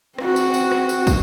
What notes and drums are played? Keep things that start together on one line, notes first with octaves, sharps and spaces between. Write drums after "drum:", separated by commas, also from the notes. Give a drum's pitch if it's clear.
C4 F#4, drum: rim click
drum: tambourine
drum: tambourine
drum: rim click
drum: tambourine
drum: kick, tambourine